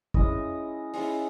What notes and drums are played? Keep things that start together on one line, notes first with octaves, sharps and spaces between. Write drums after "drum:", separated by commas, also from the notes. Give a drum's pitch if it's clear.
G#3 C#4 E4 D#5, drum: kick
G#3 C#4 E4, drum: open hi-hat